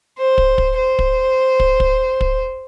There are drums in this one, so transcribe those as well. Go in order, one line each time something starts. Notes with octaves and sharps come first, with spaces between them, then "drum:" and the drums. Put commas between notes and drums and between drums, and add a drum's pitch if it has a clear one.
C5
drum: kick
drum: kick
C5
drum: kick
drum: kick
drum: kick
drum: kick